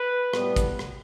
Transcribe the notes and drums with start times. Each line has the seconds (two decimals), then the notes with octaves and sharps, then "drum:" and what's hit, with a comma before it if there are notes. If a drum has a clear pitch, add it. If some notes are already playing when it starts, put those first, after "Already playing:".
Already playing: B4
0.33 A2 G3 B3, drum: rim click
0.56 drum: kick, hi-hat
0.79 drum: rim click